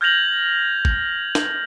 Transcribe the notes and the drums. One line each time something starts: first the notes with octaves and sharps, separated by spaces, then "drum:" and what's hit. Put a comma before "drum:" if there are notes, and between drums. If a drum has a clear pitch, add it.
F6 G6 G#6 A#6 F7 F#7
drum: kick
drum: snare